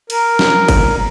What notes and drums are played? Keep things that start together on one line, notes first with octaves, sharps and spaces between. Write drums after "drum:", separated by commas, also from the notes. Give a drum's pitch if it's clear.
A#4, drum: cymbal
drum: snare
drum: kick G1, cymbal